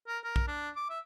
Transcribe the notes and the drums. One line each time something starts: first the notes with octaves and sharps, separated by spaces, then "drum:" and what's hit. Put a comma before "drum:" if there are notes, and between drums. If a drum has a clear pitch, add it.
A#4
A#4
drum: kick
D4
D6
E5